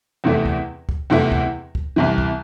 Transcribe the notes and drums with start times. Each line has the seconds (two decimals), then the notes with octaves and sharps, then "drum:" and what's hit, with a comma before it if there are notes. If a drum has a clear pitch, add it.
0.24 E2 C3 E3 A3 E4
0.46 drum: kick
0.89 drum: kick
1.10 E2 C3 E3 A3 E4
1.32 drum: kick
1.75 drum: kick
1.96 C2 C3 E3
2.18 drum: kick